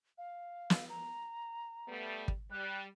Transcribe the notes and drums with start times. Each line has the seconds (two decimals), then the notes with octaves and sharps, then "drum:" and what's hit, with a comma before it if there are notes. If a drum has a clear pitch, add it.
0.18 F5
0.70 drum: snare
0.89 A#5
1.88 G3 A3 B3
2.28 drum: kick
2.51 G3 F#6